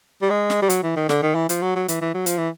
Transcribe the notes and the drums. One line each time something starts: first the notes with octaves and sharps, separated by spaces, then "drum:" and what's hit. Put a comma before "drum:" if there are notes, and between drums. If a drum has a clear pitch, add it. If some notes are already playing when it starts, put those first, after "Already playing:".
G3
G#3
drum: snare
G3
F#3, drum: hi-hat
E3
D#3
D3, drum: snare
D#3
E3
F3, drum: hi-hat
F#3
F#3
E3, drum: hi-hat
E3
F#3
F3, drum: hi-hat
E3